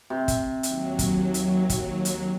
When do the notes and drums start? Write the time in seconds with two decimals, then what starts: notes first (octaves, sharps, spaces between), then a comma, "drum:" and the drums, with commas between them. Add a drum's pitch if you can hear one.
0.10 C3
0.28 drum: kick, hi-hat
0.63 D#2 F#3, drum: hi-hat
0.99 drum: kick, hi-hat
1.34 drum: hi-hat
1.70 drum: kick, hi-hat
2.05 drum: hi-hat